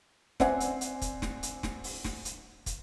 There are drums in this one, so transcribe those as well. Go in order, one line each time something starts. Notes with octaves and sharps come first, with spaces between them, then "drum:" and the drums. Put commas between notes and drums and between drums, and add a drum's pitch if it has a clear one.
C4 C5 D5 E5 F#5 G#5, drum: snare
drum: hi-hat
drum: hi-hat
drum: kick, hi-hat
drum: snare
drum: hi-hat
drum: snare
drum: open hi-hat
drum: snare
drum: hi-hat
drum: kick, hi-hat